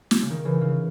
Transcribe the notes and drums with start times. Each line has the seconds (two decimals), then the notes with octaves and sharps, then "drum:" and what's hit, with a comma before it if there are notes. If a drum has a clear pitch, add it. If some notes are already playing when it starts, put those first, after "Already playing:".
0.11 drum: snare
0.22 C#3
0.30 D#3
0.45 C#3 E3
0.61 C#3